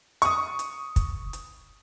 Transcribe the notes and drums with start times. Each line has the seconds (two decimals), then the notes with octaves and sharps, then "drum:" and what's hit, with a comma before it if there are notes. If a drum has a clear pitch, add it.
0.22 C#6 D#6, drum: hi-hat
0.59 drum: hi-hat
0.96 drum: kick, hi-hat
1.33 drum: hi-hat